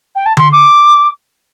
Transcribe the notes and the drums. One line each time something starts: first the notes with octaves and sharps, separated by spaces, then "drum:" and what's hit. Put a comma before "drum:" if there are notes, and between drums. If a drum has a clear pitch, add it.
G5
A5
C6, drum: tom D3
D6